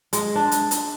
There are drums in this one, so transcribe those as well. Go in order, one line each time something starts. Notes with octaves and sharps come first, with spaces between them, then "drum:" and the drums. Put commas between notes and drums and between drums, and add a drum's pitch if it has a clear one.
G#3, drum: hi-hat
D4
drum: hi-hat
drum: hi-hat